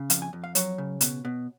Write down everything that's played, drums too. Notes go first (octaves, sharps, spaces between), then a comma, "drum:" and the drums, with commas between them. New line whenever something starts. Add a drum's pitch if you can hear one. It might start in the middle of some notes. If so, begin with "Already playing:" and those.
Already playing: C#3
F2 F5, drum: hi-hat
G#5
F2
F5
F#3 C#5, drum: hi-hat
C#3
B2, drum: hi-hat
B2